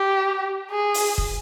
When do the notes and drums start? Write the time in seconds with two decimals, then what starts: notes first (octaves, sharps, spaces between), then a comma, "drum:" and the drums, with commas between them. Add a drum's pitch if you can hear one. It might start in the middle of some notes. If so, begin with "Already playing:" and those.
Already playing: G4
0.71 G#4
0.94 drum: open hi-hat
1.18 drum: kick